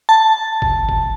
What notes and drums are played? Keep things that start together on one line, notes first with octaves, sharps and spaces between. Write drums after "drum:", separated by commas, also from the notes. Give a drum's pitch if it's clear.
A5
drum: kick G1
drum: kick G1